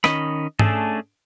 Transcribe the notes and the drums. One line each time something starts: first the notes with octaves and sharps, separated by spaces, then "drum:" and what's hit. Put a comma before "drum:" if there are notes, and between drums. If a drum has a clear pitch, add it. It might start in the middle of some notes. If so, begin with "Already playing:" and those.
D#3 C#4 D#5 B5, drum: rim click
A3 C#4 D4 G#4 A4, drum: tom G#2